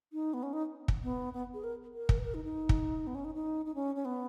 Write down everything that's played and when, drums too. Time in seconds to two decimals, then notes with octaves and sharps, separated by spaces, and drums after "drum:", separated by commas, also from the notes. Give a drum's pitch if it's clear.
0.13 D#4
0.34 B3
0.43 C#4
0.53 D#4
0.88 drum: kick
1.03 B3
1.33 B3
1.54 G#4
1.64 A#4
1.94 A#4
2.09 drum: kick
2.18 B4
2.24 A#4
2.34 D#4
2.44 D#4
2.69 drum: kick
3.07 B3
3.15 C#4
3.25 D#4
3.35 D#4
3.65 D#4
3.75 C#4
3.96 C#4
4.05 B3